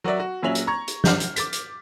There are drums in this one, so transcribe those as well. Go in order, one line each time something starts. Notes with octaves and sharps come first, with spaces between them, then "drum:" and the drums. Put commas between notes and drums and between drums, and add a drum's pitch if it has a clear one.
F#3 F#4 A#4 D5 E5
F#4
A#1 F#3 C#4 E5 F7 F#7
drum: hi-hat
A#5 C#6 G#6
drum: hi-hat
F6 G6, drum: snare
drum: hi-hat
D6 A6 B6, drum: hi-hat
drum: hi-hat